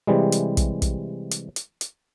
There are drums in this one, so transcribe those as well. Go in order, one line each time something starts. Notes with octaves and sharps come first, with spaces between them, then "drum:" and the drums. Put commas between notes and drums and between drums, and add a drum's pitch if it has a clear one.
C3 E3 G3 G#3
drum: hi-hat
drum: kick, hi-hat
drum: kick, hi-hat
drum: hi-hat
drum: hi-hat
drum: hi-hat